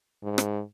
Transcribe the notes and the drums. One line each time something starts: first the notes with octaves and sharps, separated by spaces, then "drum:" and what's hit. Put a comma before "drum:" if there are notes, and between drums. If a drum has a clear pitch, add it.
G#2
drum: rim click